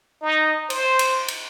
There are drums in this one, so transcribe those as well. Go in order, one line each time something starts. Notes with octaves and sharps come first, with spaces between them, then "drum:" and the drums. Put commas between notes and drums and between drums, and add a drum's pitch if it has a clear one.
D#4
C5, drum: cymbal
drum: cymbal
drum: cymbal